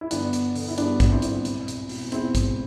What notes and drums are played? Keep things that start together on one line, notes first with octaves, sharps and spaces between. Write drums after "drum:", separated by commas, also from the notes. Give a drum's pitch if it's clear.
E4
G1 B3 D4, drum: hi-hat
G1, drum: hi-hat
D3, drum: open hi-hat
E4
G2 B3 D4, drum: hi-hat
G1 D4, drum: kick A1, hi-hat
C4 E4
G1, drum: hi-hat
E1, drum: hi-hat
E1, drum: hi-hat
B2, drum: open hi-hat
E2 C4 E4, drum: hi-hat
E1, drum: kick A1, hi-hat